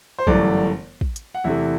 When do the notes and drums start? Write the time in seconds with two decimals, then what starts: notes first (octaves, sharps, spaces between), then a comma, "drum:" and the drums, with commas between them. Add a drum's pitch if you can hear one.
0.19 C5
0.27 G1 F#2 E3 A3 D5, drum: kick
1.01 drum: kick
1.16 drum: hi-hat
1.34 F#5
1.44 E2 C3 E3 A3 E5